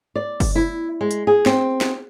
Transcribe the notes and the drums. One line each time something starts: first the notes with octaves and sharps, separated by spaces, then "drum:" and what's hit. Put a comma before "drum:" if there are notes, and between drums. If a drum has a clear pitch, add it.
D5
drum: kick F#1, open hi-hat
E4
G#3
drum: hi-hat
G#4
C4, drum: snare
drum: snare